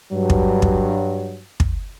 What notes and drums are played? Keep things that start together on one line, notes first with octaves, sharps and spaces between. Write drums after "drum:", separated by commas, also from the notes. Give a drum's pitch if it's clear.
G2 F#3
drum: kick
drum: kick
drum: kick